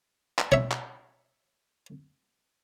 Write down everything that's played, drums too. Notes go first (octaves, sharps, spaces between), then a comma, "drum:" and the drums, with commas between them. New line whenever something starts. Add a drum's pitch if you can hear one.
drum: clap
C#5 E5, drum: tom B2
drum: clap